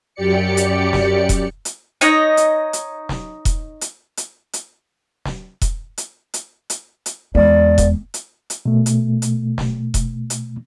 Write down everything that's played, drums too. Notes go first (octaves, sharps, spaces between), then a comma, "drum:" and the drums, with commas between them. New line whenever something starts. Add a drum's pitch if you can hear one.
F#2 G4 D5 C#7
drum: hi-hat
drum: snare
drum: kick E1, hi-hat
drum: hi-hat
D#4 C#5 D#5, drum: hi-hat
drum: hi-hat
drum: hi-hat
drum: snare
drum: kick E1, hi-hat
drum: hi-hat
drum: hi-hat
drum: hi-hat
drum: snare
drum: kick E1, hi-hat
drum: hi-hat
drum: hi-hat
drum: hi-hat
drum: hi-hat
E2 G#3 D5
drum: kick E1, hi-hat
drum: hi-hat
drum: hi-hat
B2 A3
drum: hi-hat
drum: hi-hat
drum: snare
drum: kick E1, hi-hat
drum: hi-hat